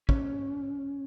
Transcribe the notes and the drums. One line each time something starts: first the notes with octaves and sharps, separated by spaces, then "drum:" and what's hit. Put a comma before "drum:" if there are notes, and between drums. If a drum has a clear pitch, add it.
C#4, drum: kick